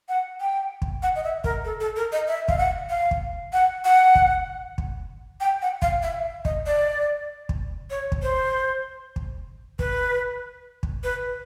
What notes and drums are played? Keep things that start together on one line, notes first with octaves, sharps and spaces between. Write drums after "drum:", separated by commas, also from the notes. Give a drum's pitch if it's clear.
F#5
G5
drum: kick
F#5
D#5
E5
A#4, drum: kick
A4
A4
A#4
D#5
E5
F5, drum: kick
F#5
F5
drum: kick
F#5
F#5
drum: kick
drum: kick
G5
F#5
F5, drum: kick
E5
D#5, drum: kick
D5
drum: kick
C#5
drum: kick
C5
drum: kick
B4, drum: kick
drum: kick
B4